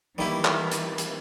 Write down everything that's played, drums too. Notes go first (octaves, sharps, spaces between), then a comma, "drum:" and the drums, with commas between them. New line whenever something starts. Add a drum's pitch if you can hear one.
D#3 E3 G3 A#3 E4 G4
drum: clap
drum: hi-hat
drum: hi-hat